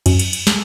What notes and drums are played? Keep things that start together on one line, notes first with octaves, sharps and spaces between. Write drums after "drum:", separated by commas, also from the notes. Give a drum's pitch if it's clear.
F#2, drum: cymbal
drum: cymbal
drum: cymbal
drum: snare